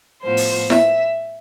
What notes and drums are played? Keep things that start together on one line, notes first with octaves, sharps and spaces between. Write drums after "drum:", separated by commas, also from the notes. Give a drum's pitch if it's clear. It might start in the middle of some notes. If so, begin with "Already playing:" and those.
A2 F3 B3 C5
drum: open hi-hat
E5, drum: snare E4